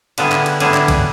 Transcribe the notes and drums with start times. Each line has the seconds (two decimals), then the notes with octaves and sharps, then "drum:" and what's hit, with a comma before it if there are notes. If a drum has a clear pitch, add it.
0.18 D3 G3 B3 E4 G#4, drum: cymbal
0.32 drum: clap
0.46 drum: cymbal
0.60 D3 G3 B3 E4 G#4, drum: cymbal
0.74 drum: clap
0.88 drum: kick B1, cymbal